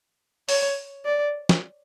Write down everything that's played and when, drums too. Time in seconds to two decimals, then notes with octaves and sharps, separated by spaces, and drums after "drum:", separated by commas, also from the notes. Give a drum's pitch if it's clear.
0.49 C#5, drum: open hi-hat
1.05 D5
1.49 drum: snare